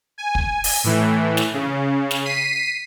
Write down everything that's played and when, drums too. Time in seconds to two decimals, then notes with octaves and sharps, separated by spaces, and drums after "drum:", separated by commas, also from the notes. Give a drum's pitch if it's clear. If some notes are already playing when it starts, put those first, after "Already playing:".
0.18 G#5
0.35 drum: kick
0.64 drum: open hi-hat
0.84 A2 E3
1.37 drum: snare
1.54 C#3
2.11 drum: snare
2.25 B6 C7 D#7